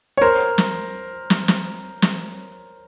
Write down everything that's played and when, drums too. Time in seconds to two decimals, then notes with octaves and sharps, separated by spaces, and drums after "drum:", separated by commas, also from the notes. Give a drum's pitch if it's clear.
0.17 C#5
0.21 A#4 C5
0.58 drum: snare
1.30 drum: snare
1.48 drum: snare
2.02 drum: snare